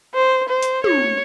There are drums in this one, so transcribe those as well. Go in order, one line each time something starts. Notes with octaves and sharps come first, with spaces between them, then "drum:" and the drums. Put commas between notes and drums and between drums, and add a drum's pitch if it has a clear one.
C5
C5
drum: hi-hat
C#5, drum: tom